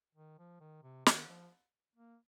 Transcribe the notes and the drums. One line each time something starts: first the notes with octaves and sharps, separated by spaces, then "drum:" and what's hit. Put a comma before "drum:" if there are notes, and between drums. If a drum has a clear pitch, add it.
D#3
F3
D#3
C3
D#3, drum: snare
F3
A#3